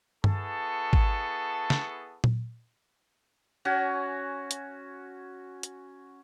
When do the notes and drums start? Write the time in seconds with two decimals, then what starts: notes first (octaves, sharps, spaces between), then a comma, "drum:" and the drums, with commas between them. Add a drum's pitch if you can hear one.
0.24 B3 E4 G#4 A4 A5 C#6, drum: tom G2
0.93 drum: kick
1.70 drum: snare
2.24 drum: tom A#2
3.65 C#4 F#4 G#5
4.51 drum: hi-hat
5.63 drum: hi-hat